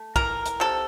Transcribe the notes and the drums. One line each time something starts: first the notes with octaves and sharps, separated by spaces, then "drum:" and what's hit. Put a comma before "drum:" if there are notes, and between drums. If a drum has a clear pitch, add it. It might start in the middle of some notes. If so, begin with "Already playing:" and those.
Already playing: A3
E3 A#4, drum: kick
drum: hi-hat
C3 A4